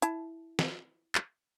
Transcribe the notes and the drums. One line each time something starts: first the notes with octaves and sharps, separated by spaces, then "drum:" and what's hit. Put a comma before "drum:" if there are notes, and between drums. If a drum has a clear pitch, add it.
E4 A5, drum: hi-hat
drum: snare
drum: clap